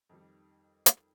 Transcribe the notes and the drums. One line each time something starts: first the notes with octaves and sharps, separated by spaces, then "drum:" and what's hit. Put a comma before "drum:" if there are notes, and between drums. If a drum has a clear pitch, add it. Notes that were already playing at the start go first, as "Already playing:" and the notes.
F2 D#3 G3
drum: hi-hat